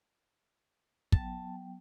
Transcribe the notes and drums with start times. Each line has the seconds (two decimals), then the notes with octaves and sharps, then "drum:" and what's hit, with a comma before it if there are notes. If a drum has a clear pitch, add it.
1.12 F#3 B3 G5 A5, drum: kick